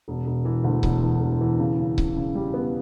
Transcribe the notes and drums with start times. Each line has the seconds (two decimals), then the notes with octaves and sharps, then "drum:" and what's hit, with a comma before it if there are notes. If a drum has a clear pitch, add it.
0.08 E1
0.26 E1
0.45 E3
0.64 D2
0.83 E1, drum: kick C#1
1.02 E3
1.21 E1
1.41 E3
1.59 C#3
1.79 C#3
1.98 C#3, drum: kick C#1
2.16 C#3
2.35 G3
2.54 B3